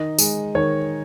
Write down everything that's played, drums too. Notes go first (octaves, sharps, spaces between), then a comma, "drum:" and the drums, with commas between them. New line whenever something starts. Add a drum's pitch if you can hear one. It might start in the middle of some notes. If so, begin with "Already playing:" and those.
Already playing: D#3 D#4 D#5
G#3, drum: tambourine
D#3 C#5